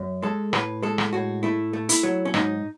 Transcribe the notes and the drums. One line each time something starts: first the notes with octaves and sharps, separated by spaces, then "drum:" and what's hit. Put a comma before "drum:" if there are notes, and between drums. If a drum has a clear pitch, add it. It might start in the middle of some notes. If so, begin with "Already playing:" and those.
Already playing: F#2
G#3 A4
A2 B4, drum: rim click
G#3 A4
drum: rim click
A2 F#4
A3 E4
A3
E4, drum: hi-hat
F#3
C#4
G#2 D#4, drum: rim click